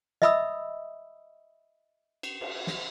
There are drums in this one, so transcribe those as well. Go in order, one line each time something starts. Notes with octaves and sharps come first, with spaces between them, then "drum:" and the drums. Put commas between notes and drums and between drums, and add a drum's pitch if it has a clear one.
D#5 E5 B5 D#6 E6, drum: snare
drum: cymbal
drum: cymbal
drum: snare